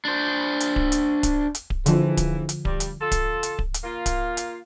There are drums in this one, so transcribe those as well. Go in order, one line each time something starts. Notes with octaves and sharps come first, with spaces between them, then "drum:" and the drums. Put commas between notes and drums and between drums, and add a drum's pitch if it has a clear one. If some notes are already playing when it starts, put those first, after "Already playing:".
D4 C5
drum: hi-hat
drum: kick D1
drum: hi-hat
drum: kick D1, hi-hat
drum: hi-hat
drum: kick D1
D#2 G#2 D3 E3 F3, drum: hi-hat
drum: kick D1, hi-hat
drum: hi-hat
G2 G3, drum: kick D1
drum: hi-hat
F4 A4
drum: kick D1, hi-hat
drum: hi-hat
drum: kick D1
drum: hi-hat
A#3 F4
drum: kick D1, hi-hat
drum: hi-hat